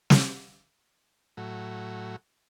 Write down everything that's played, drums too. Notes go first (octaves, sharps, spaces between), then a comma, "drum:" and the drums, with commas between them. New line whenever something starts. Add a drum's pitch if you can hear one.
drum: snare
A2 F#3